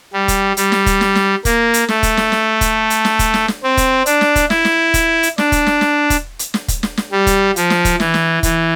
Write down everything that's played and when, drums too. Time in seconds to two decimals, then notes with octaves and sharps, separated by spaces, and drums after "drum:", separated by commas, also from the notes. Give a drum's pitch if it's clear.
0.14 G3
0.28 drum: kick, hi-hat
0.57 G3, drum: hi-hat
0.72 drum: snare
0.86 drum: kick, hi-hat
1.01 drum: snare
1.15 drum: snare
1.45 A#3, drum: kick, hi-hat
1.74 drum: hi-hat
1.88 A3, drum: snare
2.03 drum: kick, hi-hat
2.17 drum: snare
2.32 drum: snare
2.61 drum: kick, hi-hat
2.90 drum: hi-hat
3.05 drum: snare
3.19 drum: kick, hi-hat
3.34 drum: snare
3.48 drum: snare
3.63 C4
3.77 drum: kick, hi-hat
4.06 D4, drum: hi-hat
4.21 drum: snare
4.36 drum: kick, hi-hat
4.50 E4, drum: snare
4.65 drum: snare
4.94 drum: kick, hi-hat
5.23 drum: hi-hat
5.38 D4, drum: snare
5.52 drum: kick, hi-hat
5.67 drum: snare
5.81 drum: snare
6.10 drum: kick, hi-hat
6.39 drum: hi-hat
6.54 drum: snare
6.68 drum: kick, hi-hat
6.83 drum: snare
6.97 drum: snare
7.12 G3
7.27 drum: kick, hi-hat
7.56 F3, drum: hi-hat
7.70 drum: snare
7.85 drum: kick, hi-hat
8.00 E3, drum: snare
8.14 drum: snare
8.43 E3, drum: kick, hi-hat